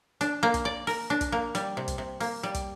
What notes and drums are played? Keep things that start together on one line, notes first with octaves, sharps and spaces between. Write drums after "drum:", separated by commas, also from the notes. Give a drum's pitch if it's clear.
D4, drum: hi-hat
A#3
drum: kick, hi-hat
D5
A#4, drum: open hi-hat
D4
drum: kick, hi-hat
A#3
G3, drum: hi-hat
C3
drum: kick, hi-hat
C3
A#3, drum: open hi-hat
G3
drum: kick, hi-hat